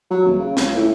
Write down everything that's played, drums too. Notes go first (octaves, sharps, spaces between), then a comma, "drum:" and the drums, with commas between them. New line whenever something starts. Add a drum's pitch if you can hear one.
F#3
D#1
C#3
C#2, drum: snare
A2